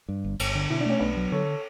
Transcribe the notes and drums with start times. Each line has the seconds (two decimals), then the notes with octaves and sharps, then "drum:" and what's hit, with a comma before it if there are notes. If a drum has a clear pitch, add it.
0.08 G2
0.24 G1
0.40 G1, drum: cymbal
0.55 D3
0.70 B2 E4
0.80 D4
0.86 A3 C#4
0.99 B1 B3 D4
1.16 F#3
1.32 D3 A4 C#5